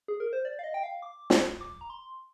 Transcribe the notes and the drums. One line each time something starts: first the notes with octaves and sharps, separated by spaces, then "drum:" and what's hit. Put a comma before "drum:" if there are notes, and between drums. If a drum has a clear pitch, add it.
G#4
A#4
C5
D5
F5
D#5
G5
F5
D6
drum: snare
D6
A#5
C6